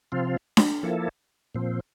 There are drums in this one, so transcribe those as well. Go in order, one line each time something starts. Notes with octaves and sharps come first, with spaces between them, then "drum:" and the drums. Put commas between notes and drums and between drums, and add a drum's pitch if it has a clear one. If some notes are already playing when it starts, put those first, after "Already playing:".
C3 F3 C4 F4
drum: snare D4
F3 A#3 E4 A4
A#2 F3 C4